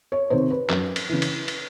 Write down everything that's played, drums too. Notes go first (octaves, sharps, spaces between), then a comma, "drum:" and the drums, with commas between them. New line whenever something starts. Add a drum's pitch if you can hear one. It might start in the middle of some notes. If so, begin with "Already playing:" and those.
C#5
C3 D#3 C5
B4
F#2, drum: clap
drum: cymbal
C#3 E3
drum: cymbal
drum: cymbal